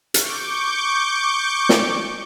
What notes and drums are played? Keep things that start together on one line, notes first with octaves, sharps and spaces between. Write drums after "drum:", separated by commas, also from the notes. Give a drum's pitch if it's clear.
C#6 D6 G6, drum: hi-hat
drum: snare